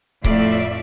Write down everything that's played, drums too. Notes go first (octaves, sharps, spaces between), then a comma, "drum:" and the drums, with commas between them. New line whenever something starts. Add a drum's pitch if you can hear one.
F2 A2 A3 F4 D5 E5, drum: kick C#1